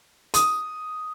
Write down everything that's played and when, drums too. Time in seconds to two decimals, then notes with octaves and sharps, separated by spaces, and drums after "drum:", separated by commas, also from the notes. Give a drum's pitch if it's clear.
0.34 D#6, drum: hi-hat